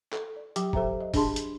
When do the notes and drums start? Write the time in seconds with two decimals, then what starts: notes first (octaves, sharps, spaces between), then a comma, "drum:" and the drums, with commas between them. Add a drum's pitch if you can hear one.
0.13 A4, drum: clap
0.36 D5
0.56 F#3 G4 G5 D6, drum: hi-hat
0.73 G4 A4 C5 E5 G5 A#5, drum: kick
1.00 D#5
1.14 D4 G4 G#4 A5 C6, drum: kick, open hi-hat
1.36 drum: hi-hat